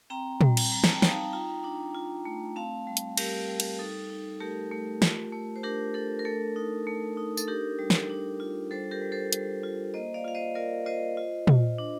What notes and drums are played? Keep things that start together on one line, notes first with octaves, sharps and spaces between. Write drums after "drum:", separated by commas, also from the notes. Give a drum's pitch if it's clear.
C4 G5 A#5
G3, drum: tom
drum: cymbal
G3 A#5
A5, drum: snare
G5
D#4, drum: snare
F5 A5
F4 G5 A#5
D4
F4
A3
C4 F5 A5
G3
drum: hi-hat
G3 G4 A#4, drum: cymbal
G3
drum: cymbal
D#4 A4
D#4
A3 G4 A#4
A3
F4, drum: snare
A3
C5
D4 G4 A#4
D4 A4
A#4
A3 A4
D#4
A3
D#4
A4, drum: tambourine
D4 G4 A#4
G3
drum: snare
D4
F4
G3 A4 C5
G4 A#4
G3
A4 C5
G3, drum: hi-hat
F4
A#3 C5 D#5
D5 F5
F4 F5
C5 D#5
F4 A#4 D5
F4 C5 D#5
F4
F4, drum: tom
D4